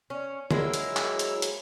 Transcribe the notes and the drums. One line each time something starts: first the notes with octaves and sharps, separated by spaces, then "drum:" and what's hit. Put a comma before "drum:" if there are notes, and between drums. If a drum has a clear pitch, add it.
C#4
F#3 G#3 A#3 E4 E6, drum: tom D3
drum: hi-hat
drum: clap
drum: hi-hat
drum: hi-hat